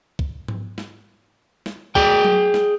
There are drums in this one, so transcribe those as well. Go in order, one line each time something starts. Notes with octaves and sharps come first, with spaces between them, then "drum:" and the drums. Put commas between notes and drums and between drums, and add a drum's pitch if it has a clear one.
drum: kick
drum: tom G#2
drum: snare
drum: snare
G#4 D5 G5, drum: kick
drum: tom F#3
drum: snare